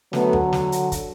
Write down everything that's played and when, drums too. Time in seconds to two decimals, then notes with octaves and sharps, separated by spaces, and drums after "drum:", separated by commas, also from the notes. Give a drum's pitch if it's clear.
0.13 D3 F#3 A3 B3, drum: snare
0.33 drum: tom E2
0.53 drum: snare
0.72 drum: hi-hat
0.92 drum: kick, hi-hat